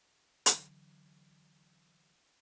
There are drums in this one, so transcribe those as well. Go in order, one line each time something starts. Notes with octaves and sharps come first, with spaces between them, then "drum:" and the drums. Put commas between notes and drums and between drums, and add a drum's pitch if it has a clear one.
D3 E3 F#3, drum: hi-hat